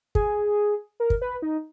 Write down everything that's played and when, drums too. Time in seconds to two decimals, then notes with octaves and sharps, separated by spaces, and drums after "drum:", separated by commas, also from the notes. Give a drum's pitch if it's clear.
0.15 G#4, drum: kick
1.00 A#4
1.10 drum: kick
1.22 B4
1.42 D#4